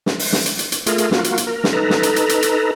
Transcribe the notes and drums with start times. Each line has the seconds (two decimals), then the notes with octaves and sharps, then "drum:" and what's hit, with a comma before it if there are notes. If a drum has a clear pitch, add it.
0.06 drum: snare
0.19 drum: open hi-hat
0.33 drum: snare
0.46 drum: hi-hat
0.59 drum: hi-hat
0.72 drum: hi-hat
0.86 A3 F4 G#4 A#4, drum: hi-hat
0.98 drum: hi-hat
1.11 A#3 F4 F#4, drum: snare
1.24 drum: hi-hat
1.37 drum: hi-hat
1.47 A#4
1.64 drum: snare
1.73 D#4 A4 B4 A#5
1.90 drum: snare
2.03 drum: hi-hat
2.16 drum: hi-hat
2.29 drum: hi-hat
2.42 drum: hi-hat